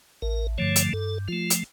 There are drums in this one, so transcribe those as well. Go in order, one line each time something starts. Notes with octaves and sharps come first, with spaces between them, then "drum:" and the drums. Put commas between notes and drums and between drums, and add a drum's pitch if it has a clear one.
A1 A#4
G2 D3 F3 A3 C#5
drum: hi-hat
G2 A4
F3 A3 F4
drum: hi-hat